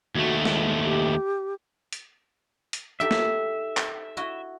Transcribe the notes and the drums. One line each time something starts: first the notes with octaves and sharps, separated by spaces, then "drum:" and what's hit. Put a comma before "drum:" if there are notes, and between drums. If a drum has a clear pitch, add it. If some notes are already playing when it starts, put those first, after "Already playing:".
D#2 A3 F#4
G#3, drum: snare
G4
drum: hi-hat
drum: hi-hat
D#4 G4 A4 E5
drum: snare
drum: clap
E4 F#4 D#5